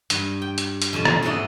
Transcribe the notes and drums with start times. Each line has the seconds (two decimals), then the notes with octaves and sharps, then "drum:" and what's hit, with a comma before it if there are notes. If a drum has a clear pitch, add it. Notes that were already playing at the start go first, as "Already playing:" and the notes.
0.10 G2, drum: hi-hat
0.42 G5
0.58 drum: hi-hat
0.82 drum: hi-hat
0.93 F2 B2 C#4 A5
1.05 drum: rim click
1.22 G#2 G#3 A3 F#4 D5 D#5